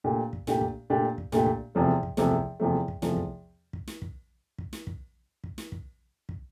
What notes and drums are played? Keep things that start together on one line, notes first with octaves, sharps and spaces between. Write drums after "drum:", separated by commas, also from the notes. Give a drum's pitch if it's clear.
A#2 A3 D4 G4
drum: kick
A#2 A3 D4 G4, drum: snare
drum: kick
A#2 A3 D4 G4
drum: kick
A#2 A3 D4 G4, drum: snare
drum: kick
E2 C3 F3 A3
drum: kick
E2 C3 F3 A3, drum: snare
drum: kick
E2 C3 F3 A3
drum: kick
E2 C3 F3 A3, drum: snare
drum: kick
drum: kick
drum: snare
drum: kick
drum: kick
drum: snare
drum: kick
drum: kick
drum: snare
drum: kick
drum: kick